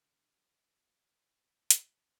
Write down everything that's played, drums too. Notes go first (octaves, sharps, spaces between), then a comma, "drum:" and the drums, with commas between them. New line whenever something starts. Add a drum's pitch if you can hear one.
A#2 D3 E3 G3
drum: hi-hat